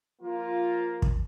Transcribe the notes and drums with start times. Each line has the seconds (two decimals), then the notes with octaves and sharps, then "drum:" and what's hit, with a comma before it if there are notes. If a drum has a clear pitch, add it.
0.20 F3 A#3 F4
1.02 drum: kick